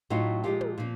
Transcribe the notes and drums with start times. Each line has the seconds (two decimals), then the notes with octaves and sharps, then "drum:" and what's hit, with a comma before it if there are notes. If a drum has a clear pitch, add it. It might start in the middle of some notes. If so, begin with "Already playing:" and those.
0.10 A2 F#3 A3 D#4 F4
0.44 A#2 F3 G#3 F4 G4
0.61 drum: tom
0.78 A#2 F3